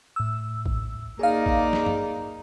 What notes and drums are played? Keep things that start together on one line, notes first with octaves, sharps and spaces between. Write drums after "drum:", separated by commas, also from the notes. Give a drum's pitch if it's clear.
A2 E6
drum: kick
A#3 D#4 G#4 D5 F5
drum: kick
drum: snare
drum: tom G2